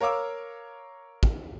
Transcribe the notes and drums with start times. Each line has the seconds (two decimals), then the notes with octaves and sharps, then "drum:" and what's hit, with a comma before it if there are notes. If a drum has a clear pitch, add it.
0.01 A#4 C#5 F5 D6 E6
1.23 drum: kick